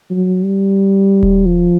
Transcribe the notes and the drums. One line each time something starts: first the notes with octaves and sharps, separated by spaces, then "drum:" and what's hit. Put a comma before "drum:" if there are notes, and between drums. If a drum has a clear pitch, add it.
F#3
G3
drum: kick D#1
F3